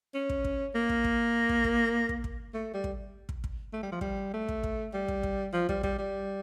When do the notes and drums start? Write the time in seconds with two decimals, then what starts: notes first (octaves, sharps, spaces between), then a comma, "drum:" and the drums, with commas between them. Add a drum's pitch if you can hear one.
0.14 C#4
0.29 drum: kick
0.44 drum: kick
0.75 A#3
0.89 drum: kick
1.04 drum: kick
1.49 drum: kick
1.64 drum: kick
2.09 drum: kick
2.24 drum: kick
2.54 A3
2.74 G3
2.84 drum: kick
3.29 drum: kick
3.44 drum: kick
3.73 A3
3.83 G3
3.92 F3
4.01 G3, drum: kick
4.33 A3
4.48 drum: kick
4.63 drum: kick
4.94 G3
5.08 drum: kick
5.23 drum: kick
5.53 F3
5.69 G3, drum: kick
5.83 G3, drum: kick
5.98 G3